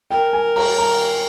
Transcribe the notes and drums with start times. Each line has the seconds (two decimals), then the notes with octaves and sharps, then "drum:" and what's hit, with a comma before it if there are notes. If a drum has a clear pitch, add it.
0.10 A#4 G5
0.33 G#5
0.56 A#5, drum: cymbal
0.78 A#5